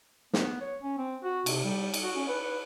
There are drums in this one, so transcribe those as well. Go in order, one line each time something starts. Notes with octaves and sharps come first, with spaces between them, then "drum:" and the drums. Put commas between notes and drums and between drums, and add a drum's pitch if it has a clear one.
B3, drum: snare
C#5
C#4
C4
F#4
C3, drum: cymbal
G3
drum: cymbal
F#4
C#4
B4
B4